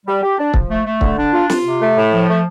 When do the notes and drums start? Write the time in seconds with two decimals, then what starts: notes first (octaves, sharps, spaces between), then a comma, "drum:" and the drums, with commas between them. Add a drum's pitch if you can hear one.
0.06 G3
0.22 G4
0.39 D4
0.54 F3, drum: kick
0.71 A3
0.86 A3
1.01 D3, drum: kick
1.18 D4
1.33 F4
1.50 F4, drum: snare
1.64 C3
1.80 A3
1.96 A2
2.13 F3
2.28 A3